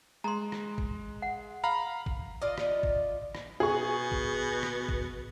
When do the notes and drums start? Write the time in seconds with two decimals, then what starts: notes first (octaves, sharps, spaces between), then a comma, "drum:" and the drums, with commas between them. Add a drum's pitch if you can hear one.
0.24 G#3 A#5 C6
0.52 drum: rim click
0.78 drum: kick
1.22 F#5
1.64 F5 A#5 B5
2.06 drum: kick
2.42 F4 D5 D#5
2.58 drum: rim click
2.83 drum: kick
3.35 drum: rim click
3.60 B2 G#4 C#6
4.12 drum: kick
4.63 drum: rim click
4.89 drum: kick